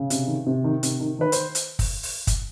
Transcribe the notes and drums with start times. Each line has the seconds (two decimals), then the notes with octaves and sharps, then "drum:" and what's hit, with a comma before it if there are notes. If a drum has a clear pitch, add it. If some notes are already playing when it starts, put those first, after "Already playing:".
Already playing: C#3
0.10 C3, drum: hi-hat
0.27 D#3
0.46 C3
0.64 D#3
0.83 C3, drum: hi-hat
1.00 D#3
1.19 D#3 B4
1.32 C5, drum: hi-hat
1.55 drum: hi-hat
1.79 drum: kick, open hi-hat
2.03 drum: open hi-hat
2.27 drum: kick, hi-hat